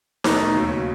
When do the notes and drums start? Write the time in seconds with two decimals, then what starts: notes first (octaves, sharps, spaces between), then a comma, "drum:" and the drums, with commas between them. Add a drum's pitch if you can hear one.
0.24 E2 B2 A3 D#4, drum: snare D#4
0.54 D#2 C#3 F#3 C#4 F#4